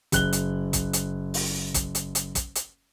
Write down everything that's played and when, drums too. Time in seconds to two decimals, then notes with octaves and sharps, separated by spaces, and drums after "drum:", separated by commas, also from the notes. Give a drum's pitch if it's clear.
0.12 F#1 F#6 G7, drum: kick, hi-hat
0.33 drum: hi-hat
0.73 drum: kick, hi-hat
0.93 drum: hi-hat
1.34 drum: open hi-hat
1.74 drum: kick, hi-hat
1.95 drum: hi-hat
2.15 drum: hi-hat
2.35 drum: kick, hi-hat
2.55 drum: hi-hat